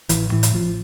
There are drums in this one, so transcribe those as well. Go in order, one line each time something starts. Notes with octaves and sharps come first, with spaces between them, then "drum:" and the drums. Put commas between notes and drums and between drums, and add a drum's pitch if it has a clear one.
A1 E3, drum: hi-hat
A2 E3
drum: hi-hat
A1 F3